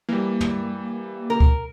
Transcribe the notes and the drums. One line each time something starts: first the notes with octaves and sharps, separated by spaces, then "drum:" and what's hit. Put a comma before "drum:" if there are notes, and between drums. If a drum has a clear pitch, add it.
E3 G3 A#3
drum: tom
A#4
drum: kick